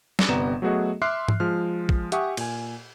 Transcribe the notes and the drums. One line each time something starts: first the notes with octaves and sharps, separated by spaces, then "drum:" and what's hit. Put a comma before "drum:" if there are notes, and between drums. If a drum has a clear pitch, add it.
drum: snare
G1 C3 B3 D5 A#5 E7
F#3 A3 B3 F#4 G#4 D#5
E5 C6 D6 F6 F#6 C7
drum: tom G#2
F3 G#3 F4 F6
drum: kick
G4 E5 F#5 G#5 C#6 D#6, drum: hi-hat
A#2 G#5, drum: cymbal